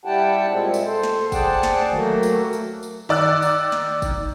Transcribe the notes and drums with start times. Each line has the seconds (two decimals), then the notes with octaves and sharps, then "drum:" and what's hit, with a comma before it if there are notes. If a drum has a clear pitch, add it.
0.05 G3 E4 G4 F#5 G5 A5
0.50 A#2 G3 G#3 C4
0.74 drum: tambourine
0.85 A4 C5
1.04 drum: snare
1.32 G#4 C5 D5 F#5 G5 A5, drum: kick, tambourine
1.63 drum: snare
1.93 F#3 A3 A#3 F#4, drum: tom D3
2.23 drum: tambourine
2.53 drum: tambourine
2.83 drum: tambourine
3.09 D#3 D5 E6 F#6
3.42 drum: tambourine
3.72 drum: snare
4.02 drum: kick, tambourine